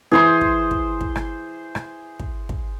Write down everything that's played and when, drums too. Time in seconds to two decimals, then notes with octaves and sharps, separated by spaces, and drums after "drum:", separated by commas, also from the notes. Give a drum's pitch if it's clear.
0.11 E3 G#4 C5 C6
0.41 drum: kick
0.71 drum: kick
1.01 drum: kick
1.15 drum: rim click
1.75 drum: rim click
2.20 drum: kick
2.49 drum: kick